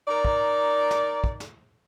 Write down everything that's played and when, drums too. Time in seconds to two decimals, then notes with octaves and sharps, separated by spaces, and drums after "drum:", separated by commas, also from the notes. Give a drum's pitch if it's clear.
0.08 D#4 A#4 D5
0.25 drum: kick
0.91 drum: snare
1.24 drum: kick
1.40 drum: snare